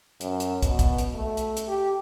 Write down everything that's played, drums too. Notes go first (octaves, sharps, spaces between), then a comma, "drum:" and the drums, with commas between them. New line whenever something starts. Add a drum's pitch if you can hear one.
F#2, drum: hi-hat
drum: hi-hat
B2, drum: kick, hi-hat
drum: kick, hi-hat
drum: hi-hat
A3
drum: hi-hat
drum: hi-hat
G4